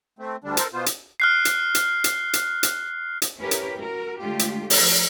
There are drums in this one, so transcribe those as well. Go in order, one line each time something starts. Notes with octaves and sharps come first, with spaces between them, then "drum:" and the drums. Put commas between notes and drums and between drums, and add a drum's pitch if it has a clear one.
A3 C4
D2 D3 G3 D4
A4 A#4 C5, drum: hi-hat
B2 B3 F4 C5
drum: hi-hat
F6 F#6 C7
drum: hi-hat
drum: hi-hat
drum: hi-hat
drum: hi-hat
drum: hi-hat
drum: hi-hat
C#4 E4 G4 A#4 B4 C#5
drum: hi-hat
F#4 A#4
D3 G#3 A3 F4 G4
drum: hi-hat
F3, drum: open hi-hat